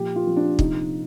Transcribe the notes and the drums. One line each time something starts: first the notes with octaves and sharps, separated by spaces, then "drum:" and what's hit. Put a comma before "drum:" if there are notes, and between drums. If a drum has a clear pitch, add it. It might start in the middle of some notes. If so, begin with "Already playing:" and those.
Already playing: A#2 F3 G4
F4
F3
D4
C3 D#4, drum: kick